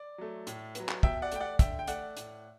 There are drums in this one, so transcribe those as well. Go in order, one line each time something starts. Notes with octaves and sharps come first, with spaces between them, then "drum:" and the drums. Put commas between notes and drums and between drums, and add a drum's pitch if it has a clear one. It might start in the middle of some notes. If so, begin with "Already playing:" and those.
Already playing: D5
F#3 A3
A2, drum: hi-hat
F#3 B3, drum: hi-hat
drum: clap
B2 E5 G5, drum: kick
D5 F#5
A3 G5, drum: hi-hat
D5 F#5
D3 E5 G5, drum: kick, hi-hat
G5
A3 D5 F#5, drum: hi-hat
A2, drum: hi-hat